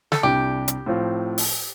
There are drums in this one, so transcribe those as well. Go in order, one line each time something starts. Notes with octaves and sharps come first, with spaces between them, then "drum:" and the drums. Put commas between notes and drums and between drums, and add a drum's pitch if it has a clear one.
A4, drum: snare
C2 C3 G3 D4 G4
drum: hi-hat
A2 F3 C4 F4
drum: open hi-hat